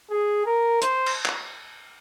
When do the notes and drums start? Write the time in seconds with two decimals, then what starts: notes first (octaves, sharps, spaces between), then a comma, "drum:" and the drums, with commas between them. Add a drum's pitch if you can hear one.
0.10 G#4
0.46 A#4
0.82 C5, drum: hi-hat
1.06 drum: cymbal
1.25 drum: clap